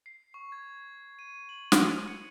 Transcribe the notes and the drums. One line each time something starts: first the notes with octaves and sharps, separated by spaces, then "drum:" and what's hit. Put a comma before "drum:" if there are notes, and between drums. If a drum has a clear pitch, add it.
C7
C#6
G#6
D#7
F#7
D#6, drum: snare
C#7